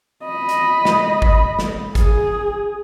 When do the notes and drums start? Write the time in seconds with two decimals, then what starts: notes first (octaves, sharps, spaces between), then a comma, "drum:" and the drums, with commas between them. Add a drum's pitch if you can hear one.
0.24 D#5 B5
0.49 drum: hi-hat
0.85 drum: snare
1.22 drum: kick
1.59 drum: snare
1.95 G#4, drum: kick, hi-hat